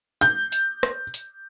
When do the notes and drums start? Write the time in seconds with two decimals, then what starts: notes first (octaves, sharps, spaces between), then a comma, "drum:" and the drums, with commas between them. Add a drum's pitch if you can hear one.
0.21 G6
0.52 drum: hi-hat
0.83 drum: rim click
1.14 drum: hi-hat